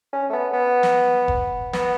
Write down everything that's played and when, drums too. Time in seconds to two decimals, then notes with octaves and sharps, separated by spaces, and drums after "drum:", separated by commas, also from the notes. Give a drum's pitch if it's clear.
0.13 C#4
0.29 A3
0.33 B3
0.53 B3
0.83 drum: snare
1.28 drum: kick F1
1.73 B3, drum: snare